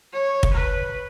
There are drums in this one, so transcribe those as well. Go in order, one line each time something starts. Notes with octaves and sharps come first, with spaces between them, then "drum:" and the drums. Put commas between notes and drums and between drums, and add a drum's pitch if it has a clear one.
C#5
drum: kick
B4